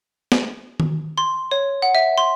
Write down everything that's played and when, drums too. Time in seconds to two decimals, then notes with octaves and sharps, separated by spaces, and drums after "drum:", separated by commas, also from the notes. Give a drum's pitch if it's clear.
0.32 drum: snare
0.80 drum: tom D#3
1.18 C6
1.51 C#5
1.82 F#5
1.95 E5
2.18 C6